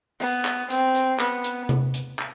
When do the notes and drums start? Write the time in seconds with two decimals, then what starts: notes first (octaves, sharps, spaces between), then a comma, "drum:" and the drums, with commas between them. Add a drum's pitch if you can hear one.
0.20 B3, drum: open hi-hat
0.45 drum: clap
0.70 C4, drum: hi-hat
0.95 drum: hi-hat
1.19 B3, drum: clap
1.44 drum: hi-hat
1.69 drum: tom C3
1.94 drum: hi-hat
2.19 drum: clap